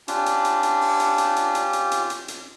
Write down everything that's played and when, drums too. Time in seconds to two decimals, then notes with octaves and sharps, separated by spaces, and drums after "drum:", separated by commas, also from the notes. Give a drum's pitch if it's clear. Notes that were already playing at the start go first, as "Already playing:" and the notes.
0.08 C#4 D4 F4 G4, drum: hi-hat
0.26 drum: hi-hat
0.45 drum: hi-hat
0.63 drum: hi-hat
0.81 drum: open hi-hat
1.00 drum: hi-hat
1.18 drum: hi-hat
1.36 drum: hi-hat
1.55 drum: hi-hat
1.73 drum: hi-hat
1.91 drum: hi-hat
2.10 drum: hi-hat
2.28 drum: hi-hat